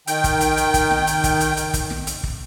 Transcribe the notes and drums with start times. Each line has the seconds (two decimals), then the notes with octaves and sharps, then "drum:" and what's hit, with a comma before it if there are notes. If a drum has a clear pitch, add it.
0.07 D#3 G5, drum: hi-hat
0.24 drum: kick, hi-hat
0.41 drum: hi-hat
0.57 drum: hi-hat
0.74 drum: kick, hi-hat
0.90 drum: snare
1.07 drum: hi-hat
1.24 drum: kick, hi-hat
1.40 drum: hi-hat
1.57 drum: hi-hat
1.74 drum: kick, hi-hat
1.90 drum: snare
2.07 drum: hi-hat
2.23 drum: kick